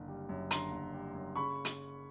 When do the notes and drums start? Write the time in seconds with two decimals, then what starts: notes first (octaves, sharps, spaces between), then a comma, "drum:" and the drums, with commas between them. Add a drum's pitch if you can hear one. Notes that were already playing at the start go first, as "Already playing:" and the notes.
Already playing: F#1 D3
0.08 G3
0.29 F#2
0.51 D3 A#5 C6, drum: hi-hat
0.71 F#1
0.94 G3
1.14 F#2
1.36 C#3 B5 C#6
1.65 drum: hi-hat